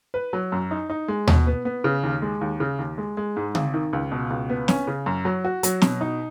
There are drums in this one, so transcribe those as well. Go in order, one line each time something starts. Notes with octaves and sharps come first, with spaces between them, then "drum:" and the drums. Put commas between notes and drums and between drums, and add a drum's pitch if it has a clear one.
B4
F#3
F#2
D#4
D#4
G#3
B2, drum: tom D#2
B3
B3
C#3
D#2
G#3
D#2
C#3
D#2
G#3
G#3
G#2
G#1, drum: tom C#3
D#3
C#2
B2
C#2
B3
C#4, drum: snare
C#3
F#2
F#3
F#4
F#3, drum: hi-hat
B2, drum: snare
D#4